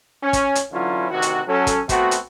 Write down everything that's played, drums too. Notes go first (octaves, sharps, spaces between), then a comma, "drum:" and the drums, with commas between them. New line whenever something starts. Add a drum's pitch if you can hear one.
C#4
drum: kick, hi-hat
drum: hi-hat
D3 E3 F#3 C#4 E4 F4
D2 C3 D#3 F#4
drum: hi-hat
F#3 C#4 A4
drum: kick, hi-hat
A3 B3 C4 F#4, drum: kick, hi-hat
drum: hi-hat